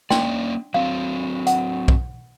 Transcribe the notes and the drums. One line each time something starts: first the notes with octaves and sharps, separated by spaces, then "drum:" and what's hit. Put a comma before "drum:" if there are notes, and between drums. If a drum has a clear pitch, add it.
A#3 C#4 D4 D5 G5 C6, drum: snare
F#3 C4 F5
F#5, drum: hi-hat
drum: kick